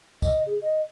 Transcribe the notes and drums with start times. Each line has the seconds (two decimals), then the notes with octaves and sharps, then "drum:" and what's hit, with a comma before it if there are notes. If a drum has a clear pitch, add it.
0.22 D#5, drum: kick, tambourine
0.46 G#4
0.62 D#5